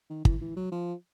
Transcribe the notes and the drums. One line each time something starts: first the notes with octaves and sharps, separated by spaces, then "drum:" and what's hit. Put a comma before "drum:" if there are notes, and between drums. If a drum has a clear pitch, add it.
D#3
E3, drum: kick
E3
F#3
F3